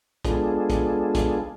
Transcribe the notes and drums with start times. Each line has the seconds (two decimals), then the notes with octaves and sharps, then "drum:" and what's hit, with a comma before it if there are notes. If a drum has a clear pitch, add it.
0.25 G#3 B3 D4 F4 G#4 A4, drum: kick, hi-hat
0.70 drum: kick, hi-hat
1.15 drum: kick, hi-hat